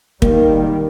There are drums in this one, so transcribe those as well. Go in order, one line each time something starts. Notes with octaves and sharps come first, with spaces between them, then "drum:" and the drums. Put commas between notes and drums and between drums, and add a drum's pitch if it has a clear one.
D#3 G3 A#3, drum: kick